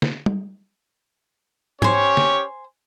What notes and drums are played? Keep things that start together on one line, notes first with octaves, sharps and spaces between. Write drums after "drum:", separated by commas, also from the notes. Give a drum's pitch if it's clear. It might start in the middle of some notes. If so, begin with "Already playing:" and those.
drum: snare
drum: tom G3
C#4 G4 C5 C#5 G#5, drum: tom
drum: snare